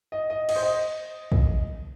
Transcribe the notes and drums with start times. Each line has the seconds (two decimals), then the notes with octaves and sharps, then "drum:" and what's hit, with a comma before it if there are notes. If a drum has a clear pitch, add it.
0.12 D#5
0.30 D#5
0.49 D#5, drum: cymbal
0.56 C5
0.63 D#5
1.32 drum: kick